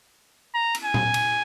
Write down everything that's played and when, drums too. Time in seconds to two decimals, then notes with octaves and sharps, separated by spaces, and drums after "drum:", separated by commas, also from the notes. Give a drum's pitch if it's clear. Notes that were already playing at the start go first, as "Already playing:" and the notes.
0.55 A#5
0.75 drum: cymbal
0.84 G#5
0.94 drum: tom A#2
1.14 drum: cymbal